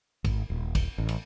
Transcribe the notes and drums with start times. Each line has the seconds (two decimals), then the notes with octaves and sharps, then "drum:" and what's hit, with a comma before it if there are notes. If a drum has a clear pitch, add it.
0.25 G#1, drum: kick, cymbal
0.50 D#1
0.75 drum: kick, cymbal
0.98 A1
1.09 drum: cymbal